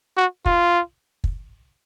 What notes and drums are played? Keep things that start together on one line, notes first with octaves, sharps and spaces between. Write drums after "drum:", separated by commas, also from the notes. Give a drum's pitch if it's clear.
F#4
F4, drum: kick
drum: kick